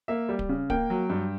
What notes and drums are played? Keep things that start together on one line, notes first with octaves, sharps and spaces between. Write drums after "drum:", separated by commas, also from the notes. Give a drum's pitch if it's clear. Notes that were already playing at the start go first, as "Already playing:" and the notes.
A#3 E5
G3
drum: kick D1
C#3
A#3 G5, drum: kick D1
F#3
G2